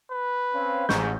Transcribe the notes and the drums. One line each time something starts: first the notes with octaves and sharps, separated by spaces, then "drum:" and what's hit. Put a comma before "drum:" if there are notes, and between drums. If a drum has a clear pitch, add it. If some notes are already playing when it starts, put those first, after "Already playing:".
B4
C4 C#4 F5
A1 G#2 C#6 G6, drum: snare